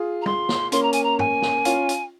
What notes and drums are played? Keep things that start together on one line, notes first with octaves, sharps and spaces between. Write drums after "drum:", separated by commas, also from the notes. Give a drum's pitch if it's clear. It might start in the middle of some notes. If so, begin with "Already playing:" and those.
Already playing: F4 G#4
A#5
C6, drum: tom
drum: snare
A#3 C#4 C6, drum: hi-hat
A#5
G#5, drum: hi-hat
A#5
G#5, drum: tom
drum: snare
C#4 F4, drum: hi-hat
drum: hi-hat